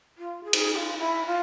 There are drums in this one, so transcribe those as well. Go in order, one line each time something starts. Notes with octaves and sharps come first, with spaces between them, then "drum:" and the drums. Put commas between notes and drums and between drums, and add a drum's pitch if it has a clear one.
F4
G#4
drum: cymbal
G#4
F4
E4
F4